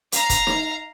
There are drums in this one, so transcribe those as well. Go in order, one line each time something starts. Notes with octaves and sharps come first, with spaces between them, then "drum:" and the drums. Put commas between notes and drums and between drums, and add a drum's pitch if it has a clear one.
F5 A#5, drum: hi-hat
drum: kick, hi-hat
drum: snare